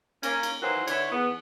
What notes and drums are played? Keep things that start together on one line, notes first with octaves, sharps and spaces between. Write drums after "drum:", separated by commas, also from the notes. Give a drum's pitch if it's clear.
A#3 C#4, drum: cymbal
drum: cymbal
D#3 E3 F#3 A#3 F#4 C5
D3 E4 B4 C#5, drum: cymbal
E2 B3